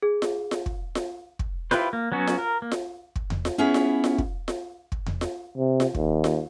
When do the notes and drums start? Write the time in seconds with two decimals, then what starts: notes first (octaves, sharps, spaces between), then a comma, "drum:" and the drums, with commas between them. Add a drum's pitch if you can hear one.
0.02 G#4
0.22 drum: snare F4
0.51 drum: snare F4
0.66 drum: kick
0.95 drum: snare F4
1.39 drum: kick
1.71 E4 F4 G4 B4 C5, drum: snare F4
1.93 A#3
2.12 F#3 B3 C#4 F#4
2.27 drum: snare F4
2.38 A#4
2.62 A#3
2.72 drum: snare F4
3.16 drum: kick
3.30 drum: tom E2
3.45 drum: snare F4
3.58 B3 C#4 E4 G#4 C#5
3.74 drum: snare F4
4.04 drum: snare F4
4.18 drum: kick
4.48 drum: snare F4
4.92 drum: kick
5.06 drum: tom E2
5.21 drum: snare F4
5.58 C3
5.80 drum: snare F4
5.95 D#2, drum: kick
6.24 drum: snare F4